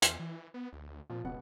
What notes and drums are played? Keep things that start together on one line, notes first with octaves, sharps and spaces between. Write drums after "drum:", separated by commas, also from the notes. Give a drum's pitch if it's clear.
E2 C6, drum: hi-hat
E3
B3
D2
A#2 F3 F4
E1 C#2 B2 F#5